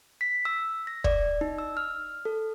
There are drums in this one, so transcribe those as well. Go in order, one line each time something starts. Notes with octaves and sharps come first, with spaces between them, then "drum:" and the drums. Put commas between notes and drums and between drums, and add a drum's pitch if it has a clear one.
B6
E6
A#6
D5, drum: kick
D#4
E6
F6
A4